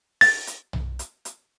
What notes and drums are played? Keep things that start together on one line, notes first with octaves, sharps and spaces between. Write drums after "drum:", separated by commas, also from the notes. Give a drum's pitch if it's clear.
A6, drum: open hi-hat
drum: hi-hat
drum: tom B1
drum: hi-hat
drum: hi-hat